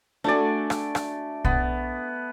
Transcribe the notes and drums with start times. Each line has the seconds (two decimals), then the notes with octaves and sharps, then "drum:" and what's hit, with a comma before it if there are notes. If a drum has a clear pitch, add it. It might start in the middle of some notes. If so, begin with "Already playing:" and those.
0.24 A3 D4 F#4 D5 G#5
0.70 drum: rim click
0.95 drum: rim click
1.45 B3, drum: kick